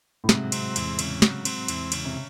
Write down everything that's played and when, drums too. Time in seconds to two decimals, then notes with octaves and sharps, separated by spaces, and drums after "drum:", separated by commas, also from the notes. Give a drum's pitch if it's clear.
0.24 A2
0.29 G#2 C3 F#3, drum: snare
0.52 C4, drum: cymbal
0.76 E2, drum: cymbal
0.99 C#3, drum: cymbal
1.22 F#3, drum: snare
1.45 C4, drum: cymbal
1.68 E2, drum: cymbal
1.92 C#3, drum: cymbal
2.05 C3